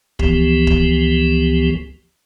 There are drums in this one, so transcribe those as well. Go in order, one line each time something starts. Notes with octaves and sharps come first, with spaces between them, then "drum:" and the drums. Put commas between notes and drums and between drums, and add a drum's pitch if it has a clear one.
C#2 E3 F3 B3 G4, drum: kick
drum: kick